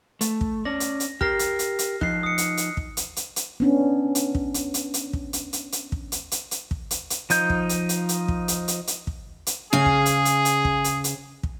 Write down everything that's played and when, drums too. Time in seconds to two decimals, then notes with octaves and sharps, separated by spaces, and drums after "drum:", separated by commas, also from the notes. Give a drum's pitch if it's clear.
0.21 A3, drum: hi-hat
0.41 drum: kick
0.65 C#4 D5 A#6
0.80 drum: hi-hat
1.00 drum: hi-hat
1.21 G4 A#4 F6 A#6 C7, drum: kick
1.39 drum: hi-hat
1.59 drum: hi-hat
1.79 drum: hi-hat
2.01 F3 D#4 F#6 C7, drum: kick
2.23 D#6 C#7
2.38 drum: hi-hat
2.57 drum: hi-hat
2.77 drum: kick
2.97 drum: hi-hat
3.16 drum: hi-hat
3.36 drum: hi-hat
3.60 B3 C#4 D4
4.15 drum: hi-hat
4.35 drum: kick
4.54 drum: hi-hat
4.74 drum: hi-hat
4.94 drum: hi-hat
5.13 drum: kick
5.33 drum: hi-hat
5.53 drum: hi-hat
5.72 drum: hi-hat
5.92 drum: kick
6.12 drum: hi-hat
6.31 drum: hi-hat
6.51 drum: hi-hat
6.71 drum: kick
6.91 drum: hi-hat
7.10 drum: hi-hat
7.30 F3 D#4 G6, drum: hi-hat
7.50 drum: kick
7.69 drum: hi-hat
7.89 drum: hi-hat
8.09 drum: hi-hat
8.28 drum: kick
8.48 drum: hi-hat
8.68 drum: hi-hat
8.87 drum: hi-hat
9.07 drum: kick
9.47 drum: hi-hat
9.73 C#3 G#4 F5 G#5
9.86 drum: kick
10.06 drum: hi-hat
10.25 drum: hi-hat
10.45 drum: hi-hat
10.65 drum: kick
10.84 drum: hi-hat
11.04 drum: hi-hat
11.43 drum: kick